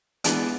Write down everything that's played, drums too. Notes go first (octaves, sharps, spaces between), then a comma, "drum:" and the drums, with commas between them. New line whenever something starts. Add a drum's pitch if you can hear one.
E3 G#3 B3 D4, drum: hi-hat